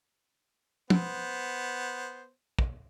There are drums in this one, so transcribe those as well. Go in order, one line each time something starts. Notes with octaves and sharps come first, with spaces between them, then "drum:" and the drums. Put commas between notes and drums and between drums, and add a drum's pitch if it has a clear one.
B3 C5, drum: tom
drum: kick